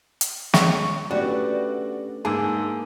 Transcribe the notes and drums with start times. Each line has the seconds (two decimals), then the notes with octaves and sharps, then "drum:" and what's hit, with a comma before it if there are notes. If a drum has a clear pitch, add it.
0.21 drum: hi-hat
0.54 G#3 C#5 C#6, drum: snare
1.11 A3 B3 C#4 D4 F#4 G4 D5
2.25 G#2 A#3 G#4 A5 D6 E6